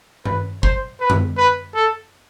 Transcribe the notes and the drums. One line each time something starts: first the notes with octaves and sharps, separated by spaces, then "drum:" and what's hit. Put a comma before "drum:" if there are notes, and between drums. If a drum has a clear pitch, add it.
B4, drum: tom G2
C5, drum: kick
B4
drum: tom F#2
B4
A4